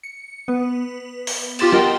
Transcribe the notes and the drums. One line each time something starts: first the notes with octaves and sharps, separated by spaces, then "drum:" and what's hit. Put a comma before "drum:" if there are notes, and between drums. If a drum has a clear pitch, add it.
C#7
B3 B4
drum: open hi-hat
F4 G4 C6 A6 E7, drum: cymbal
F4 A#4 D#5 F#5 G5, drum: snare